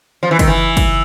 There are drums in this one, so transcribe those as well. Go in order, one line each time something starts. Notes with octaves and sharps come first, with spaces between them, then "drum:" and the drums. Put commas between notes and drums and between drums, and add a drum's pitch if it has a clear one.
F3
E3
D#3, drum: kick, cymbal
E3
drum: kick, cymbal